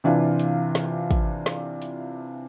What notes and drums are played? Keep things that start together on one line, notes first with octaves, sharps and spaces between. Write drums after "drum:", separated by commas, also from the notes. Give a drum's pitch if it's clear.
C3 E3 D4 F4
drum: hi-hat
drum: snare
drum: kick, hi-hat
drum: snare
drum: hi-hat